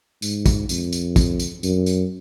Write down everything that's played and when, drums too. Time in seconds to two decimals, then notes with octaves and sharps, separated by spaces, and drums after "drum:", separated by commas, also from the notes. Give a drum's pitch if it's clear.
0.22 G#2, drum: tambourine
0.46 drum: kick, tambourine
0.69 F2, drum: tambourine
0.93 drum: tambourine
1.16 drum: kick, tambourine
1.39 drum: tambourine
1.63 F#2, drum: tambourine
1.86 drum: tambourine